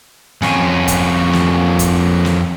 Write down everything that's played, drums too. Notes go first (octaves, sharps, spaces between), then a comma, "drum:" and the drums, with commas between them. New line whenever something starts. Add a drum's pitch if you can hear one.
F2 C#4, drum: snare
drum: kick, hi-hat
drum: snare
drum: kick, hi-hat
drum: snare